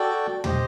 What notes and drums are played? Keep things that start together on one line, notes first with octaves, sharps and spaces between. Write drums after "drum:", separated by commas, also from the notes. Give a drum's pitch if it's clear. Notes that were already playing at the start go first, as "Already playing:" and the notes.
Already playing: F#4 A4 D5 G5
G4 C5 D#5, drum: tom